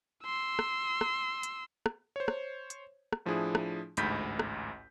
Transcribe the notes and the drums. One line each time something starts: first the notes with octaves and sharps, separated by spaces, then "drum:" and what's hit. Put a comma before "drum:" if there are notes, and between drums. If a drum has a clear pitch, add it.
C6 E6
drum: rim click
drum: rim click
drum: hi-hat
drum: rim click
C5 C#5
drum: rim click
drum: hi-hat
drum: rim click
A2 F3 D4 E4 G#4
drum: rim click
A1 D2 G#2 B5 G6 B6, drum: hi-hat
drum: rim click